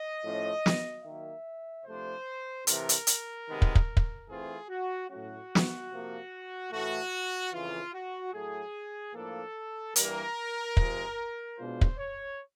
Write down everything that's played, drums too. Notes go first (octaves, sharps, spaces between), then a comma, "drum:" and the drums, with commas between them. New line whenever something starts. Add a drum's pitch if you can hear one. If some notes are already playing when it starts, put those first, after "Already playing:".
Already playing: D#5
A2 F3 A3 C#4
drum: snare
D#3 F#3 A#3 E5
C3 F3 A3 D4 C5
C3 E3 A3 A#4, drum: hi-hat
drum: hi-hat
drum: hi-hat
C3 D#3 G#3 B3
drum: kick
drum: kick
drum: kick
E3 A3 C4 F4 G#4
F#4
A2 F#3 A3 C#4 F#4
drum: snare
C3 F3 A#3
A2 E3 A3 F#4
F2 C#3 E3 F4
F#4
A2 F#3 A3 G#4
A2 F3 A#3 D4 A4
G2 E3 G3 A#3 A#4, drum: hi-hat
C3 F3 G#3, drum: kick
B2 G#3 B3 D4 F4 C5
drum: kick
C#5